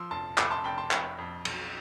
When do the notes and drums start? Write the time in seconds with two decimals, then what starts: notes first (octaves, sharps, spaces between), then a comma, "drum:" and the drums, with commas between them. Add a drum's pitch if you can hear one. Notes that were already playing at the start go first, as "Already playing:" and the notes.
Already playing: F3 C6 E6
0.11 F1 A5 C6
0.38 F1 B5 D6, drum: clap
0.51 A5 C6
0.64 F1 G5 B5
0.78 A5 C6
0.91 F1 G5 B5, drum: clap
1.18 F2
1.45 B1, drum: cymbal